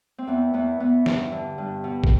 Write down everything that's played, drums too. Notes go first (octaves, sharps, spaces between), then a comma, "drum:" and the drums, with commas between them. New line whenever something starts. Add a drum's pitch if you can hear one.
C4
E2 B3
E2 B3
E2 B3
G2, drum: snare E3
D3
G2
B2
drum: kick